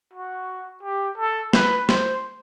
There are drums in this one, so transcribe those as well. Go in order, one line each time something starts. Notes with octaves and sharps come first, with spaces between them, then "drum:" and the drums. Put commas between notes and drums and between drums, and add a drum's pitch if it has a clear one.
F#4
G4
A4
B4, drum: snare
C5, drum: snare